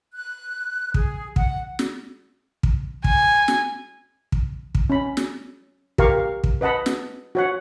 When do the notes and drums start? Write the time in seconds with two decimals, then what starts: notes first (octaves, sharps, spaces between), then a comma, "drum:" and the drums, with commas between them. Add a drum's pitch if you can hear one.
0.14 F#6
0.94 G#4, drum: kick
1.36 F#5, drum: kick
1.79 drum: snare
2.63 drum: kick
3.04 G#5, drum: kick
3.48 drum: snare
4.32 drum: kick
4.75 drum: kick
4.90 C#4 B5
5.17 drum: snare
5.98 G4 A#4 F5 C#6, drum: kick
6.44 drum: kick
6.61 B4 D#5 F#5 A5 B5
6.86 drum: snare
7.35 F#4 C#5 F#5